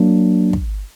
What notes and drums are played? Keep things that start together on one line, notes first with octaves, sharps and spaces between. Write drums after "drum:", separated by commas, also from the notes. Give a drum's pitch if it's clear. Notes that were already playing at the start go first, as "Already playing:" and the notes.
Already playing: F#3 A#3 D4
drum: kick